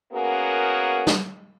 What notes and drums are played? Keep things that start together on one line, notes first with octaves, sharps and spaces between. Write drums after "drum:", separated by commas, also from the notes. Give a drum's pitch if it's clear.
A#3 B3 C#4 F#4 G#4 A#4
drum: snare